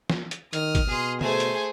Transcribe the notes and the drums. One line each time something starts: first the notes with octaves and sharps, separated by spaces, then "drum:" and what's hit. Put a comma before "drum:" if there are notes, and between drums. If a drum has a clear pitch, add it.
drum: snare
drum: hi-hat
D#3 D#6 F6, drum: hi-hat
drum: kick, hi-hat
B2 G#4 C6
A3 G#4 C5 G#5, drum: tom
drum: hi-hat